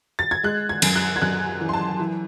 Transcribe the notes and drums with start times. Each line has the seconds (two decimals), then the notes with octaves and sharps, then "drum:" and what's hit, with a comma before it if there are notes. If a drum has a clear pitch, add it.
0.19 A6
0.31 G#6
0.43 G#3 F#6
0.69 G#6
0.82 F#2, drum: cymbal
0.96 F#6
1.16 G#6
1.22 F#2 F#6
1.61 E3
1.69 C6
1.73 A5
1.99 E3